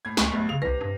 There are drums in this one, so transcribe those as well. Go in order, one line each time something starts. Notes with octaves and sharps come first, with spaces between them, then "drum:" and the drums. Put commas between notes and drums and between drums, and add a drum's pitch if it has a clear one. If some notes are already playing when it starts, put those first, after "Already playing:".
A2 G#6
D2 B5 C#6, drum: snare
B1 G2 A3 B3
C#3 F7
C2 C3 B4 A#6
G2